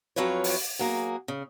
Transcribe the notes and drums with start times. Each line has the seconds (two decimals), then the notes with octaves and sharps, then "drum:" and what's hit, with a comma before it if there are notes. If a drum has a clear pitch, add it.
0.16 F2 F#3 F4 B4 C#5
0.44 drum: open hi-hat
0.79 F#3 A#3 G#4
1.28 C#3